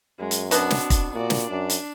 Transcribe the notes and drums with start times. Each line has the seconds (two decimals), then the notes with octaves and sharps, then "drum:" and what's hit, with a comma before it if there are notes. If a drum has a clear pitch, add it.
0.19 F#2 G#3
0.31 drum: hi-hat
0.51 B2 B3 C4 D4, drum: hi-hat
0.70 drum: snare
0.90 drum: kick, hi-hat
1.14 A#2 F#4 D5
1.30 drum: snare
1.50 F#2 D4
1.70 drum: hi-hat